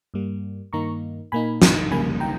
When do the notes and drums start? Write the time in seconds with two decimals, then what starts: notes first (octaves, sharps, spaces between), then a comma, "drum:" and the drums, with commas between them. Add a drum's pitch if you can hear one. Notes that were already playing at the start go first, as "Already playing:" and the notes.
0.14 G2 G3 A#3
0.73 G2 D#3 A#3 D#4 A#5 C#6
1.32 A#2 A#3 D#4 G#5 B5
1.62 drum: snare
1.91 C#3 G3 A#3 G#5 B5
2.20 G5 A#5